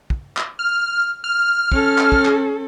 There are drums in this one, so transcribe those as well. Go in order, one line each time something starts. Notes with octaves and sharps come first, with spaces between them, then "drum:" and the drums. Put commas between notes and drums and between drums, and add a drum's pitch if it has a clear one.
drum: kick
drum: clap
F6
F6
C#4 A4, drum: kick
drum: clap
drum: kick
drum: clap